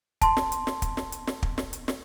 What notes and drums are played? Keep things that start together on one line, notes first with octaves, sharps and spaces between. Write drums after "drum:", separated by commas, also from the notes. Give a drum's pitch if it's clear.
A5 C6, drum: kick, hi-hat
drum: snare
drum: hi-hat
drum: snare
drum: kick, hi-hat
drum: snare
drum: hi-hat
drum: snare
drum: kick
drum: snare
drum: hi-hat
drum: snare